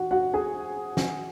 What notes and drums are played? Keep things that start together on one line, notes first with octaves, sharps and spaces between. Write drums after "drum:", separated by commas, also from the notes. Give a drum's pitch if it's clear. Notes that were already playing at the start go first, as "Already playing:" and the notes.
Already playing: E3 F#4 F#5
F#4 F#5
G#4 G#5
drum: snare